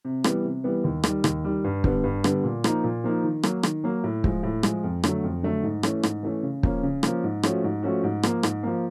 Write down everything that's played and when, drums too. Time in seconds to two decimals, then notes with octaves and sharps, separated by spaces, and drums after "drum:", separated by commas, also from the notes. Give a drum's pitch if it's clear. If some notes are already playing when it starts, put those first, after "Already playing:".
0.05 C3
0.24 E3 G3 B3, drum: rim click
0.44 C3
0.64 E3 G3 B3
0.84 D#2
1.04 D#3 G3, drum: rim click
1.24 D#2, drum: rim click
1.44 D#3 G3
1.64 G2
1.84 D3 G3 B3, drum: kick
2.04 G2
2.24 D3 G3 B3, drum: rim click
2.44 A#2
2.64 F3 A#3 D#4, drum: rim click
2.84 A#2
3.04 F3 A#3 D#4
3.24 D#3
3.43 F#3 A#3, drum: rim click
3.63 D#3, drum: rim click
3.84 F#3 A#3
4.04 A2
4.24 F3 G#3, drum: kick
4.43 A2
4.63 F3 G#3, drum: rim click
4.84 F2
5.04 D3 F#3 A3, drum: rim click
5.24 F2
5.43 D3 F#3 A3
5.63 G#2
5.83 E3 A3 C#4, drum: rim click
6.03 G#2, drum: rim click
6.23 E3 A3 C#4
6.43 C#3
6.63 F3 A#3 C#4, drum: kick
6.83 C#3
7.03 F3 A#3 C#4, drum: rim click
7.24 G#2
7.43 F3 A3 C#4 F#4, drum: rim click
7.64 G#2
7.83 F3 A3 C#4 F#4
8.03 G#2
8.23 F3 A#3, drum: rim click
8.43 G#2, drum: rim click
8.63 F3 A#3